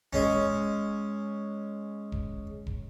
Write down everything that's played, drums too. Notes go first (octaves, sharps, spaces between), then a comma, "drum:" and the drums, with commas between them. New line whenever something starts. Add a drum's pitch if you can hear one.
G#3 C#4, drum: kick E1
drum: kick E1
drum: kick E1